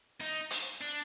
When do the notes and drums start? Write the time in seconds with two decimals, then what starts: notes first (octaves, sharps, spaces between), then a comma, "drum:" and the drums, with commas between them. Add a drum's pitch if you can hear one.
0.21 D#4
0.50 drum: hi-hat
0.81 D4